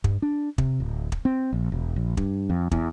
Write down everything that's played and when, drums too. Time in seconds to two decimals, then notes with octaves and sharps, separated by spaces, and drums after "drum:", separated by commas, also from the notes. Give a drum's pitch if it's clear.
0.04 G2, drum: kick
0.22 D4
0.58 C3, drum: kick
0.80 D1
1.12 drum: kick
1.25 C4
1.53 A#1
1.72 E1
1.96 A#1
2.17 G2, drum: kick
2.50 F2
2.71 E2, drum: kick